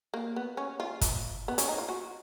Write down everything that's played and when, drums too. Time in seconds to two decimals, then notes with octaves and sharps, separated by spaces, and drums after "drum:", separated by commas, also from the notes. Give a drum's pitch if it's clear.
0.14 A#3
0.36 B3
0.57 C#4
0.80 F4
1.01 drum: kick, hi-hat
1.48 B3
1.58 C#4, drum: hi-hat
1.69 D#4
1.78 F4
1.89 F#4